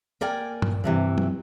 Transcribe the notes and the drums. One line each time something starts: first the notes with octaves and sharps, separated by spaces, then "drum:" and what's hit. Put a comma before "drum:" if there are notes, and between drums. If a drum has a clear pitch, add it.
A#3 A#4 D5 G5 G#5
drum: tom G2
G2 C3 E3
drum: tom F#3